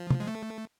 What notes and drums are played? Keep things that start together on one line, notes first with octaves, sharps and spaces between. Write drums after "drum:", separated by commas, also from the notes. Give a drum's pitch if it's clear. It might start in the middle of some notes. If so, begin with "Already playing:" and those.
Already playing: F3
drum: tom
G#3
A3